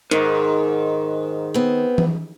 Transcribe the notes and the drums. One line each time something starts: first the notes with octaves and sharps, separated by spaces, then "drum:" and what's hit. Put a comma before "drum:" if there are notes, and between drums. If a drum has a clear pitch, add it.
G#2 D#3, drum: hi-hat
B3 C4
drum: tom E3